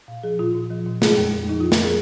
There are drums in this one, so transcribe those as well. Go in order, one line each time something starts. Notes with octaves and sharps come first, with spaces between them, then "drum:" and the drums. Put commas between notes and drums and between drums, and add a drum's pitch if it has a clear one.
A#2 F5
F3 G#4
A#2 F4
A#2
F3
A#2
G#3 G#4, drum: snare
F2
F2
F3 D#4
F2 F4
A#4, drum: snare
G#4